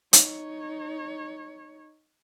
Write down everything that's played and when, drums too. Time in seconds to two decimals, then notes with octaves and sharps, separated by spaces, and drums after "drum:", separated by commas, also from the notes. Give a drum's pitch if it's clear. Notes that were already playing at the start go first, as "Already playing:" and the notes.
0.13 D#4 C#5, drum: hi-hat